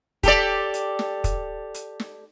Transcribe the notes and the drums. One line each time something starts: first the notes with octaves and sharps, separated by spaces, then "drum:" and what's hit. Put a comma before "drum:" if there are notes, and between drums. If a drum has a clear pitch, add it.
G4 A4 D5, drum: kick, hi-hat
drum: hi-hat
drum: snare
drum: kick, hi-hat
drum: hi-hat
drum: snare